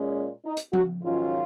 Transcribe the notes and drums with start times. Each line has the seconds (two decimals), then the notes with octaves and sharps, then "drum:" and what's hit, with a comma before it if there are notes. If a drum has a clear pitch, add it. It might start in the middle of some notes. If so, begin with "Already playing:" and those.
Already playing: A#2 G#3 C#4
0.46 D#4
0.57 drum: hi-hat
0.73 F#4, drum: tom F3
1.02 G#2 D#3 F#3 C#4 F4